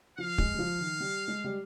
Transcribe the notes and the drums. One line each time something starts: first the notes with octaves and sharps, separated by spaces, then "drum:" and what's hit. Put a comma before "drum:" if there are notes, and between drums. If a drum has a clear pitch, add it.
F3 F5
G#3, drum: kick
G3
F3
D#3
G3
G#3
G3